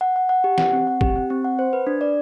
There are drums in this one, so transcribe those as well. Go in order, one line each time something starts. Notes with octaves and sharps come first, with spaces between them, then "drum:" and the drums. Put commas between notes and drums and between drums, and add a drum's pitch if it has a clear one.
F#5
F#5
F#5
G4
F#5, drum: snare
C4
F#5
G4, drum: kick
C4
C4
F#5
C5
B4
D4
D5